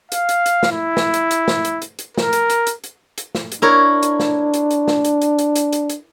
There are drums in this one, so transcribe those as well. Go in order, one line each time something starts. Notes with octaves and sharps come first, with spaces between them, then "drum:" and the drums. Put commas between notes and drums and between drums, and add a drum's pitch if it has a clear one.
F5, drum: hi-hat
drum: hi-hat
drum: hi-hat
drum: snare
E4
drum: snare
drum: hi-hat
drum: hi-hat
drum: snare
drum: hi-hat
drum: hi-hat
drum: hi-hat
A#4, drum: snare
drum: hi-hat
drum: hi-hat
drum: hi-hat
drum: hi-hat
drum: hi-hat
drum: snare
drum: hi-hat
D4 E4 A#4 C#5
drum: hi-hat
drum: snare
drum: hi-hat
drum: hi-hat
drum: snare
drum: hi-hat
drum: hi-hat
drum: hi-hat
drum: hi-hat
drum: hi-hat
drum: hi-hat